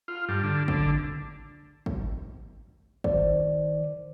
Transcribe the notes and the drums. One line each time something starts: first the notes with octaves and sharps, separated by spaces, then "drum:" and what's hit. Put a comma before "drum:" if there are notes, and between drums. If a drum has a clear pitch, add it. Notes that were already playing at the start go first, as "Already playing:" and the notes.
F4
G2
D3
D3, drum: kick
drum: kick
D#3 C5 D5, drum: kick